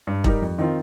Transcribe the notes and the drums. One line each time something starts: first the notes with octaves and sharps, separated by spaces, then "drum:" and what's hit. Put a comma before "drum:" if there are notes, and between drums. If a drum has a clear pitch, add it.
G2
G3 D#4 G4 A#4, drum: kick E1
F2
D#3 C4 F4